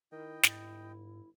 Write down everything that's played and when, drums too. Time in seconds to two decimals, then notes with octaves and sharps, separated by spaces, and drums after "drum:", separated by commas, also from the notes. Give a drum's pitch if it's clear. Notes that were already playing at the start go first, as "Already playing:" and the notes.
0.12 D#3 E4 D#5 G5
0.43 G1 G#2, drum: snare